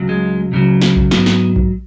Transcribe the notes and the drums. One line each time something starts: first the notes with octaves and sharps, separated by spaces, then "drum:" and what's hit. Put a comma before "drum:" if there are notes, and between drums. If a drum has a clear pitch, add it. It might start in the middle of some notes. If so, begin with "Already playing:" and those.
Already playing: C#2 C#3 F#3
G#3
C#2 C#3 F#3
drum: snare
drum: kick A#1
G#2 F#3 B3, drum: snare
drum: snare
drum: kick A#1